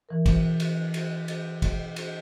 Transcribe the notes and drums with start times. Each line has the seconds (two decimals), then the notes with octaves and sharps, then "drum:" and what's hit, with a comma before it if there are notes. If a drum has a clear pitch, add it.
0.09 E3 A#4
0.26 drum: kick, cymbal
0.60 drum: cymbal
0.94 drum: cymbal
1.28 drum: cymbal
1.62 drum: kick, cymbal
1.96 drum: cymbal